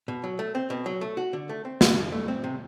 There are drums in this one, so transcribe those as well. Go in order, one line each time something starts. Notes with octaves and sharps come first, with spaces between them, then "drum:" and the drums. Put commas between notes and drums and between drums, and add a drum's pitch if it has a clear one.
B2
F#3
A3
C4
B2
F#3
A3
F#4
D3
A3
C4
F#4, drum: snare
D3
A3
C4
C3